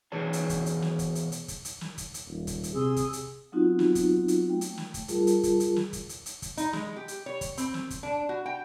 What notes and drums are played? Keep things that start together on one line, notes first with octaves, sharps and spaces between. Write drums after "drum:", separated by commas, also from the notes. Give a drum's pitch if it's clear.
B2 E3 G#4 C#5 A5
drum: hi-hat
drum: kick, hi-hat
drum: hi-hat
drum: snare
drum: kick, hi-hat
drum: hi-hat
drum: hi-hat
drum: kick, hi-hat
drum: hi-hat
drum: snare
drum: kick, hi-hat
drum: hi-hat
D#1
drum: kick, hi-hat
drum: hi-hat
C3 G#4 C6 E6
drum: kick, hi-hat
drum: hi-hat
F#3 B3 C4 D#4 F4 F#4
drum: snare
drum: kick, hi-hat
drum: hi-hat
A3 G5
drum: hi-hat
drum: snare
drum: kick, hi-hat
G3 F4 G#4 A#4 A5, drum: hi-hat
drum: hi-hat
drum: kick, hi-hat
drum: hi-hat
drum: snare
drum: kick, hi-hat
drum: hi-hat
drum: hi-hat
drum: kick, hi-hat
D#4, drum: hi-hat
G#3, drum: snare
G4
drum: hi-hat
C#5
drum: kick, hi-hat
C4, drum: hi-hat
drum: snare
drum: kick, hi-hat
D4
F#4
G5